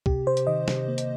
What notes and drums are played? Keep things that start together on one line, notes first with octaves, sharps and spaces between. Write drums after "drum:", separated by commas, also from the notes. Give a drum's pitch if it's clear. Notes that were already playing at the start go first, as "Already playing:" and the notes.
C3 G4, drum: kick
C3 C5
drum: hi-hat
D#3 D#5
C3, drum: snare
A#3
drum: hi-hat